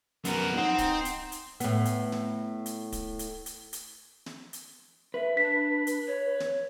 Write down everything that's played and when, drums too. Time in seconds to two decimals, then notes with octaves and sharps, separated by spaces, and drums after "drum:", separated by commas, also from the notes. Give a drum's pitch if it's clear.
0.25 F#2 B3 A#4 F#5, drum: hi-hat
0.57 C4 D#4 F#5 C6
0.78 drum: kick D1, hi-hat
1.05 drum: hi-hat
1.32 drum: hi-hat
1.60 A2 B3, drum: hi-hat
1.85 drum: hi-hat
2.12 drum: snare
2.66 drum: hi-hat
2.92 drum: kick D1, hi-hat
3.19 drum: hi-hat
3.46 drum: hi-hat
3.73 drum: hi-hat
4.26 drum: snare
4.53 drum: hi-hat
5.14 B4 E5
5.37 D4 B6
5.87 drum: hi-hat
6.07 C#5
6.40 drum: snare